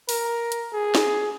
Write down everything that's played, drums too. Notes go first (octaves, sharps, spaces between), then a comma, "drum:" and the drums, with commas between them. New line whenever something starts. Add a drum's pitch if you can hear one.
A#4, drum: open hi-hat
drum: hi-hat
G#4
drum: snare